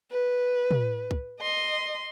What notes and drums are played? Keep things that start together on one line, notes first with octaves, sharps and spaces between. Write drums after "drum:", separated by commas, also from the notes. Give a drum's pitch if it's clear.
B4
drum: tom
drum: kick
D#5 C6